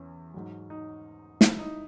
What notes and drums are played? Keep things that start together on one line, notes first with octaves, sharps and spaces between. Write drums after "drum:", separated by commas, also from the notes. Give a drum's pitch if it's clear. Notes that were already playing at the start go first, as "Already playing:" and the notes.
Already playing: E2 C#4
G#2 F#3
D#4
E4, drum: snare
D#4